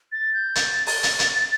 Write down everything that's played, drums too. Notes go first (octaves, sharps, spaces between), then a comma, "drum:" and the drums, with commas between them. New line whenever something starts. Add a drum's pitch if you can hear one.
A6
G6
A6, drum: hi-hat
A6, drum: open hi-hat
drum: hi-hat
drum: hi-hat